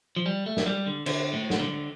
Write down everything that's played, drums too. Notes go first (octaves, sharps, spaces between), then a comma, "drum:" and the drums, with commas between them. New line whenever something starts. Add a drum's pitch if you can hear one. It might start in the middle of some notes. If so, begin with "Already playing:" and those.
F3
G3
A3
drum: snare
G3
D3
D3, drum: cymbal
A2
drum: snare
D3